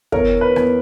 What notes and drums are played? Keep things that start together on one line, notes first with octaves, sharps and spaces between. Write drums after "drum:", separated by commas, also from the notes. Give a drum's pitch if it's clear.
E2 A#4 C#5, drum: kick
B4
E2, drum: rim click